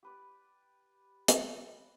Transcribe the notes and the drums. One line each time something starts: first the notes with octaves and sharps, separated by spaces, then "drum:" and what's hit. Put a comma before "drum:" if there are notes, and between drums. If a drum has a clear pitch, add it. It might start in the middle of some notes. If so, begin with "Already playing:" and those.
G4 B4 D5
drum: hi-hat